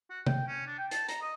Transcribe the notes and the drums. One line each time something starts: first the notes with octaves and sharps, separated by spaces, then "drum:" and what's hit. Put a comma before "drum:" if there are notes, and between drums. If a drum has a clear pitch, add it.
F#4
G5, drum: tom C3
C#4
D4
G5
A5, drum: hi-hat
A#5, drum: hi-hat
D#5